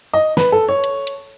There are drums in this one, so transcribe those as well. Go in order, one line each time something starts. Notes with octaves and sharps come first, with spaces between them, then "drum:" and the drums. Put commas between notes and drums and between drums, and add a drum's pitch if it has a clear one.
D#5
B4, drum: snare
A4
C#5
drum: hi-hat
drum: hi-hat